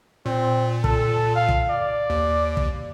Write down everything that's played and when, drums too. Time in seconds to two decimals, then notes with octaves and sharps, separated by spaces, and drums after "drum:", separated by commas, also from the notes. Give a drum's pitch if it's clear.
0.26 A#2 C4
0.84 A4, drum: kick
1.36 F5
1.49 drum: kick
1.70 D5
2.10 D#2
2.57 drum: kick